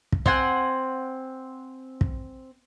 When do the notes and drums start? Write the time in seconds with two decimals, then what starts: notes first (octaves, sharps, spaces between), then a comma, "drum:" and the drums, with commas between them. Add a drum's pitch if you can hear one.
0.12 drum: kick
0.26 C4 F#5 G#5, drum: kick
2.01 drum: kick